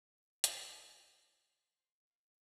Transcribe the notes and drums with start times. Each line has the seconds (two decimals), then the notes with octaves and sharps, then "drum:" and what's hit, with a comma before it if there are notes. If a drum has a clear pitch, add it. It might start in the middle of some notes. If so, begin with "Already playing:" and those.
0.21 D#5
0.44 drum: hi-hat
0.84 D5
1.45 C5
1.77 C5
2.07 F5